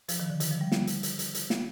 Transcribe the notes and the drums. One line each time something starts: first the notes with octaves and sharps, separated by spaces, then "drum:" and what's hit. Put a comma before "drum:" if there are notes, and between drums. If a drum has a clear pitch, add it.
F3, drum: hi-hat
D#3
D3
D#3, drum: hi-hat
F3
G3
drum: snare
drum: hi-hat
drum: hi-hat
drum: hi-hat
drum: hi-hat
drum: snare